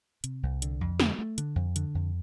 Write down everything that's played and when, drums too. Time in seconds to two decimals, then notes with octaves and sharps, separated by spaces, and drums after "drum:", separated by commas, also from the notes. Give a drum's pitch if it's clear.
0.24 C3, drum: hi-hat
0.43 C2
0.62 D3, drum: hi-hat
0.81 F2
1.00 D3, drum: snare
1.19 A3
1.38 D3, drum: hi-hat
1.56 F2
1.76 D3, drum: hi-hat
1.95 F2